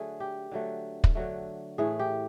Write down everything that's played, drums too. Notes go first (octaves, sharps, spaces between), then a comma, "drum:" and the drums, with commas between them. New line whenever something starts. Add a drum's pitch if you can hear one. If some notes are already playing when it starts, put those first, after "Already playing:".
Already playing: D3 F#3 A3 G#4
G4
D3 F#3 A3
drum: kick
D3 F#3 A3
A2 E3 A3 G#4
G4